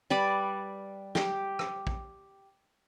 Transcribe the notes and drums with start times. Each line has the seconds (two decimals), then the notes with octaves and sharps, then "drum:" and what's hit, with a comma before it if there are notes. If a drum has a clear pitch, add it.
0.10 G3 B4 D5 B5
1.15 G4, drum: snare
1.59 drum: rim click
1.87 drum: kick